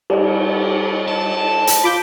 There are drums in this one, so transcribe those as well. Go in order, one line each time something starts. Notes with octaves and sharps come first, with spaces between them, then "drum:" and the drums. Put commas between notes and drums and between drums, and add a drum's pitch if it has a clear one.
G3, drum: cymbal
A5
drum: hi-hat
F4 B5 D6 G6